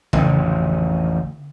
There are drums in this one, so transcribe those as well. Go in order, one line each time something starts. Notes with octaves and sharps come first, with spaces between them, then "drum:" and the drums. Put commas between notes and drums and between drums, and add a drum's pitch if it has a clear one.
A1 F2, drum: tom C#3